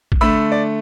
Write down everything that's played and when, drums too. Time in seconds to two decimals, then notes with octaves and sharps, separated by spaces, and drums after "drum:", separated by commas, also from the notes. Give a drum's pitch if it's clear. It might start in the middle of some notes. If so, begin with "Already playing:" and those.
0.12 drum: kick
0.21 D3 A3 B5 E6
0.52 D5